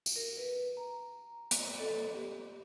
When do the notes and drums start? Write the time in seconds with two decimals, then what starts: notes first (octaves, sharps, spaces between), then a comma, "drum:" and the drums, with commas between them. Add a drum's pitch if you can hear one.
0.06 drum: tambourine
0.16 A#4
0.37 B4
0.77 A#5
1.51 drum: hi-hat
1.79 A4
2.15 G4